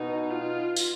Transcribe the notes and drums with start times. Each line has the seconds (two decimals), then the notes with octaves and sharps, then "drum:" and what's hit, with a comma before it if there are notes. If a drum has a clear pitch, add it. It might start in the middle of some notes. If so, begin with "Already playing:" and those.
Already playing: B2 D#4
0.31 F4
0.76 drum: tambourine